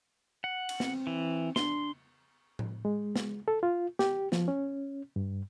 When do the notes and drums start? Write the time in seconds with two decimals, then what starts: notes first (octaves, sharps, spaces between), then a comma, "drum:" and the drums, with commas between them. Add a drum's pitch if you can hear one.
0.44 F#5
0.69 drum: cymbal
0.80 C4, drum: snare
1.07 E3
1.56 D4 C6, drum: snare
2.59 drum: tom A2
2.85 G#3
3.16 drum: snare
3.48 A4
3.63 F4
3.99 G4, drum: snare
4.32 F3, drum: snare
4.48 C#4
5.16 G2